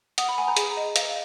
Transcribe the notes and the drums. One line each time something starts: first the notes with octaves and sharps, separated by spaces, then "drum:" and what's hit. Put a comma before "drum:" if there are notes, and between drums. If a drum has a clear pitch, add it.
F#5 D#6, drum: hi-hat
B5
F#5 G#5
A#5
G#4, drum: hi-hat
D#5
F5, drum: hi-hat